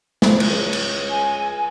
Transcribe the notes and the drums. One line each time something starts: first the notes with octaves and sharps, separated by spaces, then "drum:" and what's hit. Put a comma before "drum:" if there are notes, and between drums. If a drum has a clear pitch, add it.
F3, drum: snare
drum: cymbal
C#2
drum: cymbal
G#5